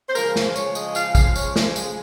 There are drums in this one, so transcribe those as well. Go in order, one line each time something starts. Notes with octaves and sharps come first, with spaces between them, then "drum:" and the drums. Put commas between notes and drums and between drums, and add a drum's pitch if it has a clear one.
C5
C#3 F3 G#3 A#4, drum: tambourine
C5, drum: snare
C#5, drum: tambourine
D#5, drum: tambourine
F5, drum: tambourine
F5, drum: kick, tambourine
C#5, drum: tambourine
C5, drum: snare
G#4, drum: tambourine